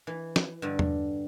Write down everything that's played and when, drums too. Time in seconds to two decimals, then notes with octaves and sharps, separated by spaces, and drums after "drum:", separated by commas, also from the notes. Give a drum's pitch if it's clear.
0.07 E3
0.36 drum: snare
0.62 G2 D3
0.79 drum: tom E2